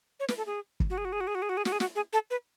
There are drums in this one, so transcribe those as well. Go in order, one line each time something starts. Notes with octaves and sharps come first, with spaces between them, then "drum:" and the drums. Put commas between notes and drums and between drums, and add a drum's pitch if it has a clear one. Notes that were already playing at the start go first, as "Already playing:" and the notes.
C#5
B4, drum: snare
A4
G#4
drum: kick
F#4
G#4
F#4
G#4
F#4
G#4
F#4
G#4
F#4
G#4
F#4, drum: snare
G#4
F#4, drum: snare
G#4
A4
B4